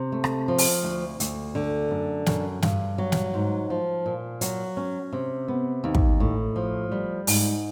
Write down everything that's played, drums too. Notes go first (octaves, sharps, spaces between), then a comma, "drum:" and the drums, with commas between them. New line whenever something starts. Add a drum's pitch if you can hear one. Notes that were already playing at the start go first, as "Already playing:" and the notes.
Already playing: C3
A3
drum: rim click
F3
drum: open hi-hat
D2
D2, drum: hi-hat
D3
F#2
F#2, drum: snare
G2, drum: snare
F#3
drum: snare
G#2
F3
A#2
F#3, drum: hi-hat
C#4
C3
B3
D#2
drum: kick
A2
F3
G3
G#2, drum: open hi-hat